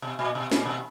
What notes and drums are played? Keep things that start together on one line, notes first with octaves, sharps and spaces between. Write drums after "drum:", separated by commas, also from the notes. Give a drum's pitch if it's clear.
B2
A#2
B2
A#2, drum: snare
B2